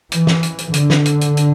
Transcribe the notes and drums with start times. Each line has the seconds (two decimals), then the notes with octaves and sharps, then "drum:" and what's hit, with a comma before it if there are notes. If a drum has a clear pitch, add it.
0.12 E3, drum: hi-hat
0.27 drum: snare
0.43 drum: hi-hat
0.58 drum: hi-hat
0.74 D3, drum: hi-hat
0.90 drum: snare
1.06 drum: hi-hat
1.21 drum: hi-hat
1.37 drum: hi-hat